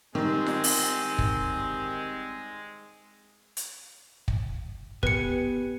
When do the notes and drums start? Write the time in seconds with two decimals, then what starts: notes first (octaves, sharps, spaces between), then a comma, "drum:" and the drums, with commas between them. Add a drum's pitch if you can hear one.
0.15 D#3 G3 G#3 C4 D#4
0.46 drum: snare F4
0.64 drum: open hi-hat
1.18 drum: kick
3.57 drum: hi-hat
4.28 drum: kick
5.03 B3 G4 G#4 B4 C#7, drum: kick